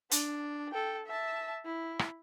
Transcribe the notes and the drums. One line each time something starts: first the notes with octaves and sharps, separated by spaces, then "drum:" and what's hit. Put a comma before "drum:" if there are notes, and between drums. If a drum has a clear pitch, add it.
D4, drum: hi-hat
A4 G5
E5 A5
E4
drum: rim click